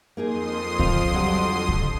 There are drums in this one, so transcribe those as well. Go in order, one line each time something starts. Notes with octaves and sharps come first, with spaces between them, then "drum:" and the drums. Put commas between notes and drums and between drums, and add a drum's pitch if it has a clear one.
F2 A#3 D#4 G#4 C6 D#6
C4 F4 F5, drum: kick C2
D3 F#3 G3
drum: kick C2